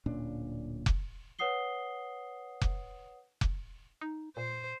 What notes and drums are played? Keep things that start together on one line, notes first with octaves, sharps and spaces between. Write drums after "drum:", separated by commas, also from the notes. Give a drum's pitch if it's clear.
D1 A#2 C#4 D4
drum: kick F1
B4 C#5 F#5 D#6 C7 G7
drum: kick F1
drum: kick F1
D#4
A#2 C5